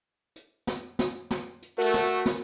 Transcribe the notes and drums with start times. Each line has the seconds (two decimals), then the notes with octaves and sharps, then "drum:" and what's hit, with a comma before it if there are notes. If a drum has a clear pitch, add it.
0.36 drum: hi-hat
0.67 drum: snare
0.99 drum: snare
1.31 drum: snare
1.62 drum: hi-hat
1.78 A3 F#4 A#4
1.94 drum: snare
2.26 drum: snare